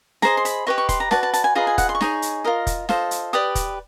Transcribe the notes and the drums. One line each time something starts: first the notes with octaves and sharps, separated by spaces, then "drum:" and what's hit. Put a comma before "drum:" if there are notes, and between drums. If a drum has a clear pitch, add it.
G#4 C5 D#5 A#5, drum: snare
C6
B5, drum: hi-hat
G4 B4 D#5 C#6
C#6
C6, drum: kick, hi-hat
A#5
F#4 B4 D5 A5, drum: snare
A5
A5, drum: hi-hat
G#5
F4 G#4 B4 D#5 A#5
G#5
F#5, drum: kick, hi-hat
C6
C#6
D#4 G#4 C#5, drum: snare
drum: hi-hat
F4 A#4 D#5
drum: kick, hi-hat
F4 A4 C5 D#5, drum: snare
drum: hi-hat
G4 B4 D5 D#6
drum: kick, hi-hat